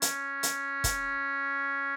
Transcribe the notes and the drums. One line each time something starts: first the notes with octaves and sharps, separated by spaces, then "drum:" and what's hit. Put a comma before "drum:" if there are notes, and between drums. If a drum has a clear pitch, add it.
C#4, drum: hi-hat
drum: hi-hat
drum: kick, hi-hat